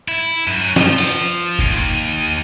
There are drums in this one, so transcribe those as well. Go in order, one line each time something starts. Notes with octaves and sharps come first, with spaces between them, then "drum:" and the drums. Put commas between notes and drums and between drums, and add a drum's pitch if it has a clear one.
E4
F#2
F3, drum: snare
drum: open hi-hat
D#2, drum: kick